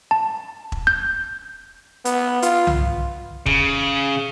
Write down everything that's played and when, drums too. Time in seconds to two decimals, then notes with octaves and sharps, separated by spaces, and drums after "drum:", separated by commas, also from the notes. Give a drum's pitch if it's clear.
0.11 A5
0.72 drum: kick E1
0.87 G6
2.05 B3, drum: hi-hat
2.42 F4, drum: hi-hat
2.67 drum: tom C2
3.46 C#3, drum: kick E1